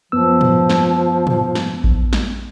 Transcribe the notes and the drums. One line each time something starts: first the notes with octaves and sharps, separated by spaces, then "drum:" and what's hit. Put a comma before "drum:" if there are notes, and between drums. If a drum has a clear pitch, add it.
F#2 F3 B3 E6
drum: tom
drum: snare
drum: tom
drum: snare
drum: kick A1
drum: snare